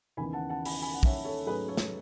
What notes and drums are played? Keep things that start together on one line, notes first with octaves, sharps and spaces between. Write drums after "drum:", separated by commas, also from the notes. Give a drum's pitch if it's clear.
D#2 C#3 E3 B3 G#5 B5
F#5 A5
F#5 A5
G#5 B5, drum: open hi-hat
G#5 B5
F#5
C#5 E5, drum: kick
A4 C#5
G#2 F#3 A3 C#4 G#4 B4
A4 C#5
drum: snare